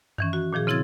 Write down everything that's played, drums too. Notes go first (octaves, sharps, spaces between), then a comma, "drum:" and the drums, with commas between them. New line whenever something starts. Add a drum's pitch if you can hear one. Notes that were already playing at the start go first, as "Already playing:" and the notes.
D#3 E3 C#4, drum: tom F#2
F#4
A#2 D#3 F3 G#4
C#3 C4 E4 G#6 A6